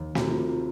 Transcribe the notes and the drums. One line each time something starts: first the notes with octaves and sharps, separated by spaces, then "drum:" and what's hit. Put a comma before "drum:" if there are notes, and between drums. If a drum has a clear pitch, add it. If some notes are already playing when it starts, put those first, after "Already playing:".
Already playing: D#2
C3 F#4, drum: snare
F4
C3
F4